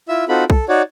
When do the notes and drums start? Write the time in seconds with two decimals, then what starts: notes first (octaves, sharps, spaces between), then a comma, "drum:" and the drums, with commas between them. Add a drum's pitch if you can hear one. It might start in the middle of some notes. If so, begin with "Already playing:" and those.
0.08 E4 F4 E5 E6
0.29 C4 D#4 F4 F#4 A4 B5
0.50 A4, drum: kick B1
0.69 D#4 F#4 C#5 D5